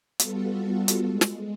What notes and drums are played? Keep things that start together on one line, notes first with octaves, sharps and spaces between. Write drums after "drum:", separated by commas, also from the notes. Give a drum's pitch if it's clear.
G3 B3 F4 F#4 A4, drum: hi-hat
drum: hi-hat
G#3
drum: snare